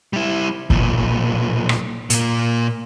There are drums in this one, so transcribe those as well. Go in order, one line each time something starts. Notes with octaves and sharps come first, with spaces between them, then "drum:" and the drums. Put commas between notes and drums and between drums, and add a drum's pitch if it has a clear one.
G3 E4
B1 A#2, drum: kick F#1
drum: rim click
A#2 A#3, drum: hi-hat